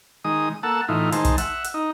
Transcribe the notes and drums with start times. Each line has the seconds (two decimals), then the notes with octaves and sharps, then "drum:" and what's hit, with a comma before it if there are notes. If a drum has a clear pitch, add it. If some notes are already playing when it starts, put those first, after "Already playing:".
0.24 D#3 G#3 D#6
0.63 A#3 A4 F#5 A5 E6
0.88 A2 E3 D#4 F4
1.12 D#3 G#3 C5 A5, drum: hi-hat
1.25 drum: kick, hi-hat
1.38 E5 F#5, drum: hi-hat
1.64 drum: hi-hat
1.74 D#4